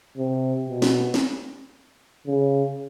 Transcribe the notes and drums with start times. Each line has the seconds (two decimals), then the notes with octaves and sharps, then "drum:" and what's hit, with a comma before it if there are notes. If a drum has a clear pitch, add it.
0.18 C3
0.70 B2
0.82 drum: snare
1.14 drum: snare
2.27 C#3